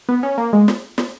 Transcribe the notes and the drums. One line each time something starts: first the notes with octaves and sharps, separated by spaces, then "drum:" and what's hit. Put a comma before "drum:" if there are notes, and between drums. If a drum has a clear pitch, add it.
B3
C#4
A#3
G#3
drum: snare
drum: snare